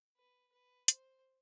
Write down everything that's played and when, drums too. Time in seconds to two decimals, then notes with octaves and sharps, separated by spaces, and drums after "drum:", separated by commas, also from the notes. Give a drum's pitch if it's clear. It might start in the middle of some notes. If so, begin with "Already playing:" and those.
0.17 B4
0.52 B4
0.88 C5, drum: hi-hat